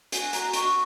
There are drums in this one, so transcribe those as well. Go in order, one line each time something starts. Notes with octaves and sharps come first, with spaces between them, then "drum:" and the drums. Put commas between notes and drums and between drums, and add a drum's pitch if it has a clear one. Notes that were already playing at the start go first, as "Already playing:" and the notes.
F#4 G#5, drum: hi-hat
A#5, drum: hi-hat
F#4 C#6, drum: hi-hat